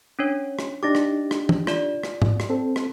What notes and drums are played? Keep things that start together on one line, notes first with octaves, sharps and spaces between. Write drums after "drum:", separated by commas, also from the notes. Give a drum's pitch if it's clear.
C#4 D4 C#5
drum: rim click
D4 D#4 G4 D6 A6 A#6
drum: rim click
drum: rim click
drum: tom E3
F4 D5, drum: rim click
drum: rim click
drum: tom G#2
drum: rim click
C4 A4
drum: rim click